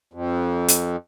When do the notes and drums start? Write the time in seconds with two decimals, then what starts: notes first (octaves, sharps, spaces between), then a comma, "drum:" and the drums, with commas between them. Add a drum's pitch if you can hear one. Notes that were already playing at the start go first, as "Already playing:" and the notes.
0.13 F2
0.68 drum: hi-hat